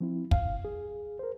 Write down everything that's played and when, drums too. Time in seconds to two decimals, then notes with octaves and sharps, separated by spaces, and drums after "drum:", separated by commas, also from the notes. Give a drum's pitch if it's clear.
0.01 F3 C4 E4
0.31 F5, drum: kick
0.65 G#4
1.19 A#4 C5